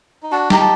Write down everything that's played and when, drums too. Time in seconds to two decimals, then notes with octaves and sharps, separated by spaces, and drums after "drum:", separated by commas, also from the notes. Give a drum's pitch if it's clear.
0.23 D#4
0.32 D4 F#4 A5
0.50 D#4 G4 A#5, drum: snare
0.60 A5